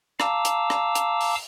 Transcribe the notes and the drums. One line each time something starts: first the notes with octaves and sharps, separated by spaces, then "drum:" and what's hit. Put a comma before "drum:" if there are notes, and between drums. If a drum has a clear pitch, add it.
F5 A5 A#5 D6 E6, drum: rim click
drum: hi-hat
drum: rim click
drum: hi-hat
drum: open hi-hat